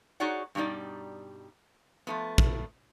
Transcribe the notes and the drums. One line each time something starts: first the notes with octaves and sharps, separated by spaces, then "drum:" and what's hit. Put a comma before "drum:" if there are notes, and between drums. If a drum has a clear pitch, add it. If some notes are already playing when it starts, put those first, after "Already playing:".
D#4 F#4 G#4 C#5 D5 F#5
G2 B2 G3 D#4 D5
F3 A3 B3
drum: kick